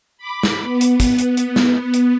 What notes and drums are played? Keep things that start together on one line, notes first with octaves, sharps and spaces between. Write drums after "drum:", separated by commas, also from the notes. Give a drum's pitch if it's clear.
B5 D6
drum: snare
B3
drum: hi-hat
drum: kick, hi-hat
drum: hi-hat
drum: hi-hat
drum: snare
drum: hi-hat